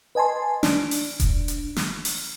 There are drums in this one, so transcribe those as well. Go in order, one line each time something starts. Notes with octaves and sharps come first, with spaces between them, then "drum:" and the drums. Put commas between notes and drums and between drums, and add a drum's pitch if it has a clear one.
B4 D#5 G#5 A5 C6
D4, drum: snare
drum: open hi-hat
drum: kick E1, hi-hat
drum: hi-hat
drum: snare
drum: open hi-hat